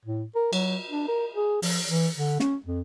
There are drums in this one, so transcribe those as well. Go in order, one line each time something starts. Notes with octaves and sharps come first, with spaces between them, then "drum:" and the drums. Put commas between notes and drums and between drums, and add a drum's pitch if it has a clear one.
A2
A#4
F#3, drum: cymbal
D4
A#4
G#4
F3, drum: open hi-hat
E3
D3
C#4, drum: snare
F2